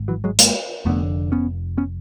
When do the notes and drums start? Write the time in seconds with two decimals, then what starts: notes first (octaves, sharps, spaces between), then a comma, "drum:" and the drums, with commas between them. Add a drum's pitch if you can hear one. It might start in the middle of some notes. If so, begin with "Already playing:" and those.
Already playing: G#1 G#2
0.08 E3 F#3
0.24 F#3 G#3
0.39 G#3 A#3, drum: hi-hat
0.85 F1 F2 D3 A3 B3
1.32 B3 C#4
1.77 B3 C#4